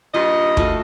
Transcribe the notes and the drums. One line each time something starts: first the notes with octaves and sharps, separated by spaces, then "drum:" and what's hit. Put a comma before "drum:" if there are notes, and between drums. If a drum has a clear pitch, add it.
G2 A#2 F4 D#5
A3 F4 F#4, drum: kick